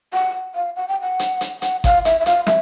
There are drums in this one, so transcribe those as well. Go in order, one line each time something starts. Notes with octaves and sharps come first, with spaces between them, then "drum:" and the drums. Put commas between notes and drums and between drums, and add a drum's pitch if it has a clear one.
F#5
F5
F#5
G5
F#5
drum: hi-hat
drum: hi-hat
F#5, drum: hi-hat
F5, drum: kick G#1, hi-hat
E5, drum: hi-hat
E5
F5, drum: hi-hat
E5, drum: snare